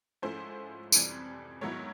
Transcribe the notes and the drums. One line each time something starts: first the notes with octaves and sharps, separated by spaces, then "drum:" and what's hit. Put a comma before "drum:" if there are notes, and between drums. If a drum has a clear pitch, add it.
G#2 F3 A3 C#4 E4 C5
F2 C3 E3 G3, drum: tambourine
G#2 D#3 F#3 B3 E4 C#5